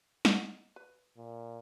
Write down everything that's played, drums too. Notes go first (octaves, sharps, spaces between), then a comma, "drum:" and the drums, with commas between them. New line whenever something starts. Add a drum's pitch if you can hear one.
A#3 D#4 F#5, drum: snare
B4
A#2